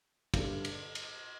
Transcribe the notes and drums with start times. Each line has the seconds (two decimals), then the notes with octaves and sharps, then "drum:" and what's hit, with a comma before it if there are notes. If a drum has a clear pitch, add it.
0.34 G2 D3 G3, drum: kick, cymbal
0.65 drum: cymbal
0.95 drum: cymbal